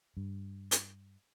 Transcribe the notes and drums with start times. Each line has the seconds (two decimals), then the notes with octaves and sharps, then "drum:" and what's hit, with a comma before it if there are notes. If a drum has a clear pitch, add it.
0.17 G2
0.71 drum: hi-hat